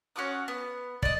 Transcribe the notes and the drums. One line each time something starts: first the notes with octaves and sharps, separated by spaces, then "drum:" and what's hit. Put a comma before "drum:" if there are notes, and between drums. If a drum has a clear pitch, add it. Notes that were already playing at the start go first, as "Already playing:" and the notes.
C#4 F#4 D6 D#6
B3
D5 D#5, drum: kick